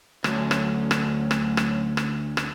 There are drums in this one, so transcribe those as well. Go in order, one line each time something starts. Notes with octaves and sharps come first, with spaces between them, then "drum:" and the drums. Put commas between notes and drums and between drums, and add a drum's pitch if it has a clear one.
D2 F#3 C#4, drum: rim click
drum: rim click
drum: rim click
drum: rim click
drum: rim click
drum: rim click
drum: rim click